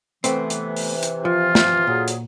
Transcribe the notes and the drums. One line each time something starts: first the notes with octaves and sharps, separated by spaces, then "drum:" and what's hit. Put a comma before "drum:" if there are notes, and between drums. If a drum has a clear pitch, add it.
C3 E3 A3 B3 C4, drum: hi-hat
drum: hi-hat
drum: open hi-hat
drum: hi-hat
F3 F4
drum: snare
D2 A#2 F#3 G#4
drum: hi-hat